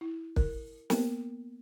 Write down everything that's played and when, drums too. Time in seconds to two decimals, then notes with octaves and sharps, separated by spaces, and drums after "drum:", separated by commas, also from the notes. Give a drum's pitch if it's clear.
0.01 E4
0.36 A#4, drum: kick
0.90 A#3 B3 A#4, drum: snare